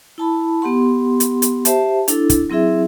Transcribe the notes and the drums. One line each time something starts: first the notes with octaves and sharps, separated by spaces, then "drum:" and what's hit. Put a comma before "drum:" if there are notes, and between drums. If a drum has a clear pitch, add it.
E4 A5 B5
B3 G4 F#5 C6
drum: hi-hat
drum: hi-hat
G4 C5 E5 A5, drum: hi-hat
D4 E4 A4, drum: hi-hat
drum: kick, hi-hat
F#3 C4 E4 G#4 E5